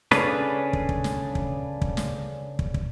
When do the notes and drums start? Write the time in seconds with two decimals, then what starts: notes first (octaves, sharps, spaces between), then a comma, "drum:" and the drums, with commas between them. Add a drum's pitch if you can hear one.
0.11 C#3 C#4 D4 G#4 A4 B4, drum: snare
0.73 drum: kick
0.89 drum: kick
1.04 drum: snare
1.35 drum: kick
1.82 drum: kick
1.97 drum: snare
2.59 drum: kick
2.74 drum: kick